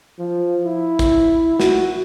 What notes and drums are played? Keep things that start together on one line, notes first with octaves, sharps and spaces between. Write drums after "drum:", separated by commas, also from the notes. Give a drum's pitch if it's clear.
F3
E4
drum: kick, hi-hat
F#4, drum: snare